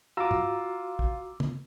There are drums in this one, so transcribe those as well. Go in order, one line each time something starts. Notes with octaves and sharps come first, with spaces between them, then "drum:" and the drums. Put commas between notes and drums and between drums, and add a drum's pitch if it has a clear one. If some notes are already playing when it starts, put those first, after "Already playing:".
F4 F#4 A#5 D6 E6
drum: tom
drum: kick
drum: tom